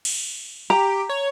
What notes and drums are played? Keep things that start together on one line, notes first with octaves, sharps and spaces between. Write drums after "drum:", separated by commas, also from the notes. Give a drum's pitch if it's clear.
drum: cymbal
G4 A#5
C#5